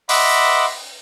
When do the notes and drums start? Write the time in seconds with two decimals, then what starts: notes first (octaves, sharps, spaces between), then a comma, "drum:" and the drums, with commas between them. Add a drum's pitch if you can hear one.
0.09 D#5 E5 F#5 B5 C6 D6, drum: open hi-hat